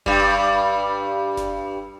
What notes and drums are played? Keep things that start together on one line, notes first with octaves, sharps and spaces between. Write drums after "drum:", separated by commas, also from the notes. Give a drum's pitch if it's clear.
G2 G3, drum: kick F#1
drum: snare F#1